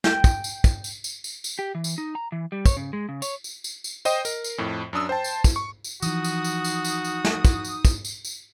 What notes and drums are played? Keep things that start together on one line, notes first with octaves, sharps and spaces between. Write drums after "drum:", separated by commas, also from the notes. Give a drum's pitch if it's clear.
G5, drum: snare
drum: kick, tambourine
drum: tambourine
drum: kick, tambourine
drum: tambourine
drum: tambourine
drum: tambourine
drum: tambourine
G4
E3
drum: tambourine
D#4
A#5
E3
G3
C#5, drum: kick, tambourine
C#3
G#3
C#3
C#5, drum: tambourine
drum: tambourine
drum: tambourine
drum: tambourine
C5 D#5 G5 D#6, drum: tambourine
A#4, drum: tambourine
drum: tambourine
F2 A2
F#2 D4 D#6 E6
C5 G5 A5
drum: tambourine
drum: kick, tambourine
C#6
drum: tambourine
E3 F3 D#4 F#4 D#6, drum: tambourine
drum: tambourine
drum: tambourine
drum: tambourine
drum: tambourine
drum: tambourine
drum: snare
drum: kick, tambourine
drum: tambourine
drum: kick, tambourine
drum: tambourine
drum: tambourine